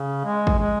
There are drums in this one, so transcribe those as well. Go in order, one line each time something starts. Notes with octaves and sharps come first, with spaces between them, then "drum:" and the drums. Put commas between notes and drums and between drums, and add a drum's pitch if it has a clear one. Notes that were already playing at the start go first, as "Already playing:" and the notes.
Already playing: C#3
G#3
drum: kick
G#3